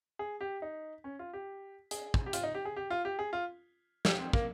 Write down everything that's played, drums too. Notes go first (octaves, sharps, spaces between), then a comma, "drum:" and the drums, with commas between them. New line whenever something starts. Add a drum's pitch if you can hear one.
G#4
G4
D#4
C#4
F4
G4
G#4, drum: hi-hat
drum: kick
G4
F4, drum: hi-hat
D#4
G4
G#4
G4
F4
G4
G#4
F4
G4, drum: snare
C4
A#3, drum: kick